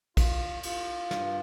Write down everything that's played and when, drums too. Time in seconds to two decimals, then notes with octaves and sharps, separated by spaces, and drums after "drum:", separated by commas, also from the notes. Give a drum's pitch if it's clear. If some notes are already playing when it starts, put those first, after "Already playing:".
0.17 F4, drum: kick, cymbal
0.63 F4, drum: cymbal
1.11 G2, drum: snare